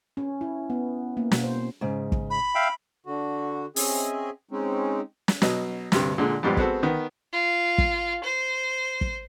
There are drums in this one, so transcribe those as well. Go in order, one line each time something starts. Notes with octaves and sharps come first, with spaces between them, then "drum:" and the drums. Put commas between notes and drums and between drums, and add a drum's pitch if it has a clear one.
C#4
E4
B3
A#3
B2, drum: snare
C5
G#2 C#3
drum: kick
B5
E5 F5 G5
D3 F#4
C4 C#4 G#4 D#5 E5 G#5, drum: open hi-hat
G#3 C4 C#4 D#4
drum: snare
B2 F#3 D#5, drum: snare
D2 G2 C3, drum: snare
A#2 D3 G#3
F2 G#2 G3 B3 G4 D5
G#3 B3 C4 F#4 A4, drum: kick
D#3 B3
F4
drum: kick
C5
drum: kick